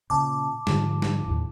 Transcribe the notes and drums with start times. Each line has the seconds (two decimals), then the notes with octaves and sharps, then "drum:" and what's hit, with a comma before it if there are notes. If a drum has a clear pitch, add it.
0.10 A#2 C#3 A5 D6
0.67 G#2 D3 F3, drum: snare
1.02 drum: snare
1.26 D#2 A2